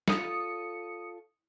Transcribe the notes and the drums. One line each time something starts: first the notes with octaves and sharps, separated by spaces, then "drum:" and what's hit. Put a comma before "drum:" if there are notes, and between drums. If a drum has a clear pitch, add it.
F4 A4 C#5 D#6 C#7, drum: snare